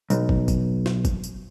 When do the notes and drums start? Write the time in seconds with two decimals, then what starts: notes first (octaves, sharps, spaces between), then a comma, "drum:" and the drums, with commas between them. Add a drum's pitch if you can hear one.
0.10 B1, drum: tambourine
0.29 drum: kick
0.48 drum: kick, tambourine
0.86 drum: snare
1.05 drum: kick, tambourine
1.24 drum: tambourine